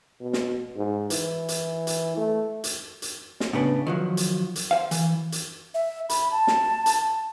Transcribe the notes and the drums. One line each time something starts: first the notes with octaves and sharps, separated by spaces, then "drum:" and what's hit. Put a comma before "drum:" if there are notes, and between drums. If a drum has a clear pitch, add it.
B2
drum: snare
G#2
E3, drum: hi-hat
drum: hi-hat
drum: hi-hat
A3
drum: hi-hat
drum: hi-hat
drum: snare
A2 C#3 B3 D4
D#3 F3 F#3
drum: hi-hat
drum: hi-hat
C5 F5
E3, drum: hi-hat
drum: hi-hat
E5
B5, drum: hi-hat
A5
drum: snare
drum: hi-hat